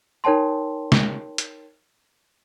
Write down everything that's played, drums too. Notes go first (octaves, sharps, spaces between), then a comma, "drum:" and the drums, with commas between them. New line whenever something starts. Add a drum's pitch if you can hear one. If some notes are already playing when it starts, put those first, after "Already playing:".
D#4 A#4 C#5 G5 A5 C6
drum: snare
drum: hi-hat